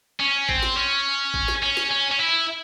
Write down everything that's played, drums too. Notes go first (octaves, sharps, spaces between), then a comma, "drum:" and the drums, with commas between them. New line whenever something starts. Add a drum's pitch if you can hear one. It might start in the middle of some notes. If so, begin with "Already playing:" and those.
C#4
C4, drum: kick G#1
drum: snare
C#4
drum: kick G#1
drum: snare
C#4
drum: snare
C#4
C#4
E4